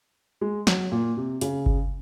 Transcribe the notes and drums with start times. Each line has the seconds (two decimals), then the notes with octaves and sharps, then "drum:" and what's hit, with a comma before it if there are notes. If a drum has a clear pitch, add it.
0.41 G#3
0.67 F#3, drum: snare
0.92 A#2
1.17 C3
1.41 C#3, drum: hi-hat
1.66 drum: kick G1